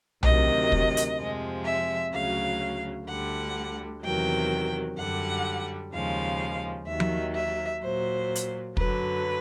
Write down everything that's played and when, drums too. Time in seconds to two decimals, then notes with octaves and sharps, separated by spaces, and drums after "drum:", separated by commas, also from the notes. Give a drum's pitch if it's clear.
0.23 D2 C3 D#3 F#3 D#5, drum: tom B1
0.72 drum: kick
0.97 drum: hi-hat
1.19 F2 C3 F3 G#3
1.65 E5
2.13 D2 C#3 F#3 F5
3.08 D2 D3 G3 F#5
4.03 E2 C3 D#3 F#3 G5
4.97 F#2 D3 G3 F#5
5.93 D#2 C#3 F3 G#3 F5
6.87 D#2 D#3 F#3 E5
7.00 drum: tom F3
7.35 E5
7.83 A#2 F#3 C5
8.35 drum: hi-hat
8.77 F#2 D3 F#3 B4, drum: kick